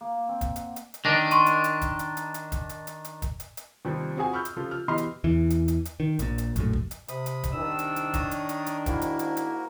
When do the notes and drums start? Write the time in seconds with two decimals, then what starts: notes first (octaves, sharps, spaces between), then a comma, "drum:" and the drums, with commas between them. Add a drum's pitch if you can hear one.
0.01 A#3
0.29 C4
0.41 drum: kick, hi-hat
0.56 F#5, drum: hi-hat
0.76 drum: hi-hat
0.94 drum: hi-hat
1.05 D#3 D4 A#6
1.31 C6 C#6 D#7, drum: hi-hat
1.46 drum: hi-hat
1.64 drum: hi-hat
1.82 drum: kick, hi-hat
1.99 drum: hi-hat
2.17 drum: hi-hat
2.34 drum: hi-hat
2.52 drum: kick, hi-hat
2.69 drum: hi-hat
2.87 drum: hi-hat
3.05 drum: hi-hat
3.22 drum: kick, hi-hat
3.40 drum: hi-hat
3.57 drum: hi-hat
3.85 D#2 C3 F3 G3 C4
4.16 C4 F4 F#4 G#4 G#5
4.32 G#4 B5 C#6 E6 F6 G6
4.45 drum: hi-hat
4.57 C#3 F3 F4 G4 A4
4.71 F6
4.88 B2 E3 G4 D#5 C6 F6
4.98 drum: hi-hat
5.24 E2 E3
5.50 drum: hi-hat
5.68 drum: hi-hat
5.85 drum: hi-hat
6.00 D#3
6.19 A#1 A#2, drum: hi-hat
6.38 drum: hi-hat
6.56 A#1 F#2 A2, drum: hi-hat
6.73 drum: kick
6.91 drum: hi-hat
7.08 C3 B5 D#6, drum: hi-hat
7.26 drum: hi-hat
7.44 drum: kick, hi-hat
7.53 C2 D#3 D4 E6
7.79 drum: hi-hat
7.96 drum: hi-hat
8.14 C#5 A#5 D#6, drum: kick, hi-hat
8.31 drum: hi-hat
8.49 drum: hi-hat
8.66 drum: hi-hat
8.86 G#2 A#3 E4 F#4 A#4, drum: kick, hi-hat
9.02 drum: hi-hat
9.19 drum: hi-hat
9.37 drum: hi-hat